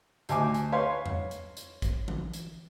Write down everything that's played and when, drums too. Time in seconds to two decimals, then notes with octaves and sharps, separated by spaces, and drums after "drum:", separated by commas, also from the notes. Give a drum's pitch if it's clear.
0.29 D2 G#5 D6, drum: hi-hat
0.54 drum: hi-hat
0.72 B4 C#5 F5 C6
1.06 drum: tom E2
1.31 drum: hi-hat
1.57 drum: hi-hat
1.82 drum: kick, hi-hat
2.08 drum: tom E3
2.34 drum: hi-hat